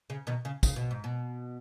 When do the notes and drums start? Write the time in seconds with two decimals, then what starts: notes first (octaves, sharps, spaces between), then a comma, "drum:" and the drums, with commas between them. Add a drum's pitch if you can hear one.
0.10 C#3
0.27 B2 D#3
0.45 C#3
0.63 C#3, drum: kick, tambourine
0.76 B2
0.91 G#2
1.04 B2